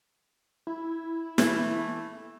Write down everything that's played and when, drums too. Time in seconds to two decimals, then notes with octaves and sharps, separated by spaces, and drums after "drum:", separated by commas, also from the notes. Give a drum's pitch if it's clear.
0.67 E4
1.38 E3 A3, drum: snare E4